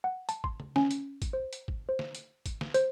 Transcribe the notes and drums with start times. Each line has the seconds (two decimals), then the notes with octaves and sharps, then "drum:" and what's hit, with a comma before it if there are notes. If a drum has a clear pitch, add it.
0.04 F#5
0.29 A5, drum: hi-hat
0.44 C6, drum: kick G#1
0.60 drum: tom C#3
0.76 C#4, drum: snare
0.91 drum: hi-hat
1.22 drum: kick G#1, hi-hat
1.33 C5
1.53 drum: hi-hat
1.68 drum: kick G#1
1.89 C5
1.99 drum: snare
2.15 drum: hi-hat
2.46 drum: kick G#1, hi-hat
2.61 drum: snare
2.74 C5, drum: hi-hat